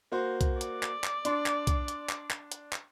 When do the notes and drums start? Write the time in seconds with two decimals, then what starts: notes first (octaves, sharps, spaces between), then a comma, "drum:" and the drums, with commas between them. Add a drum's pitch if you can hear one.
0.12 A#3 F#4 C5
0.41 drum: kick B1, hi-hat
0.61 D5, drum: hi-hat
0.83 drum: clap
1.04 drum: clap
1.25 D4 C6, drum: hi-hat
1.46 drum: clap
1.67 drum: kick B1, hi-hat
1.88 drum: hi-hat
2.09 drum: clap
2.30 drum: clap
2.52 drum: hi-hat
2.73 drum: clap